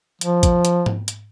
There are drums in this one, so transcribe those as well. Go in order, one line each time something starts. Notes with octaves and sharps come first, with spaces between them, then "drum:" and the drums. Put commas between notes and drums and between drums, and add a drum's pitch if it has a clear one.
F3, drum: hi-hat
drum: kick, hi-hat
drum: hi-hat
drum: tom G#2
drum: hi-hat